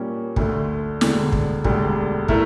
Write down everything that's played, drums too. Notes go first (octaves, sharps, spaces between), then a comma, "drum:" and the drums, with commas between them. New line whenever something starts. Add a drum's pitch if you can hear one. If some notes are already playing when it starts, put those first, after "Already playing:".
Already playing: A#2 G3 A#3 C#4
D2 D3 A3, drum: kick
E1 D2 D3, drum: snare
drum: kick
E1 D2 D3 G3, drum: kick
A3 E4 A#4, drum: kick